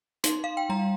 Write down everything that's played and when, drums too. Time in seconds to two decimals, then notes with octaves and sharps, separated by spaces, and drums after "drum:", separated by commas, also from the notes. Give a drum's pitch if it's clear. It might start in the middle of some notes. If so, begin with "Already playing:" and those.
0.24 D#4 C6, drum: hi-hat
0.44 F5
0.57 G5
0.69 G3 A#5